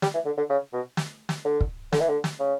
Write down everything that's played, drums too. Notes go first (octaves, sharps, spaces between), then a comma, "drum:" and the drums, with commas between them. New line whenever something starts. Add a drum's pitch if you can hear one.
G3, drum: snare
E3
D3
D3
C#3
B2
drum: snare
drum: snare
D3
drum: kick
D3, drum: snare
E3
D3
drum: snare
C#3